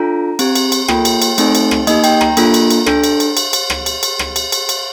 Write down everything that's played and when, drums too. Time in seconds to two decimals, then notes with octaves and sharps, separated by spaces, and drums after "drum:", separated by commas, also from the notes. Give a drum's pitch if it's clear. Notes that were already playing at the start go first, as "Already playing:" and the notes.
Already playing: D4 F4 A4 A#5
0.39 C4 G4, drum: cymbal
0.55 drum: cymbal
0.72 drum: cymbal
0.88 A#3 F4 A4 G5, drum: rim click
1.05 drum: cymbal
1.22 drum: cymbal
1.38 A3 C4 D#4 A4, drum: cymbal
1.55 drum: cymbal
1.71 drum: rim click
1.87 A#3 D#4 G4 D#5, drum: cymbal
2.04 G5, drum: cymbal
2.21 A#5, drum: rim click
2.37 A#3 D4 F4 A4, drum: cymbal
2.54 drum: cymbal
2.70 drum: cymbal
2.86 D4 A4, drum: rim click
3.04 drum: cymbal
3.20 drum: cymbal
3.37 drum: cymbal
3.53 drum: cymbal
3.70 drum: rim click
3.86 drum: cymbal
4.03 drum: cymbal
4.19 drum: rim click
4.36 drum: cymbal
4.52 drum: cymbal
4.69 drum: cymbal